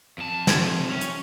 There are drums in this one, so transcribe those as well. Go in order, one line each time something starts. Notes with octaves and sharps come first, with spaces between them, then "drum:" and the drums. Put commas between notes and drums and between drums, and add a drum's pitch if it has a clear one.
F2 A5
C3 F3, drum: snare
C#4
drum: hi-hat